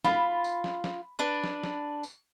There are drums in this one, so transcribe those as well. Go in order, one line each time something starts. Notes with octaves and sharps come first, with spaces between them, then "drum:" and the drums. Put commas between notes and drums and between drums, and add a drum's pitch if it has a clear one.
F4 B5, drum: snare
drum: tambourine
drum: snare
drum: snare
D4 B4
drum: snare
drum: snare
drum: tambourine